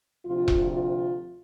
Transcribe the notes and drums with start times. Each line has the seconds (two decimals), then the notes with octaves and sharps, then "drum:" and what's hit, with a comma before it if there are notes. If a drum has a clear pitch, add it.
0.25 D2 C3 F3 F4
0.48 drum: kick E1
0.71 F4